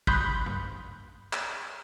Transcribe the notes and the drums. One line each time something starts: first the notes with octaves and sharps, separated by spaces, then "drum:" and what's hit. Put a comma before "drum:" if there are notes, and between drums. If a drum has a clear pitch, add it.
B5 C6 D#6 F#6 G6 B6, drum: kick
drum: tom
drum: clap